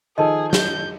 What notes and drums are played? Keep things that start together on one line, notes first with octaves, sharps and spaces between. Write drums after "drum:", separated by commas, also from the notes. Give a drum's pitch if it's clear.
D#3 F3 G#4 A4 D#5 A5
G6, drum: snare